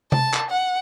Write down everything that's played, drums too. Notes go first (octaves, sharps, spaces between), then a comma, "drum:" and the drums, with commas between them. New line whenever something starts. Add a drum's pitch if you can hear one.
A5, drum: tom C3
drum: clap
F#5